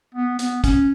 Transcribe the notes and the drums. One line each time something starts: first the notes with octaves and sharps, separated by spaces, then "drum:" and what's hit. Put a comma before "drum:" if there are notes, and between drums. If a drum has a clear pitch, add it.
B3
B3, drum: hi-hat
C#4, drum: kick, hi-hat